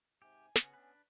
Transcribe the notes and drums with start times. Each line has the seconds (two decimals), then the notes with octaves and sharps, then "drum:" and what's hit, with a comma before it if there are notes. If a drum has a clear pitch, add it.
0.22 G#2 C3 G4 G#5
0.56 C#3 B3 C#4 F#4 F#5, drum: snare
0.74 D4 B4